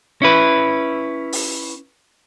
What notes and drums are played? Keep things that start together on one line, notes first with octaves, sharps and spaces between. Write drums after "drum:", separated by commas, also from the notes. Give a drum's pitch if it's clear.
C#4 E4 B4
drum: open hi-hat